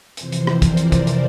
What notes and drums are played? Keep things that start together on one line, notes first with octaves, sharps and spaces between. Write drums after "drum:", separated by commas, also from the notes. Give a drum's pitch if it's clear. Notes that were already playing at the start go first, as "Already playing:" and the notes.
F2 C3 E3 C5, drum: hi-hat
drum: hi-hat
drum: rim click
A#4 D5, drum: kick, hi-hat
drum: hi-hat
drum: kick, hi-hat
drum: hi-hat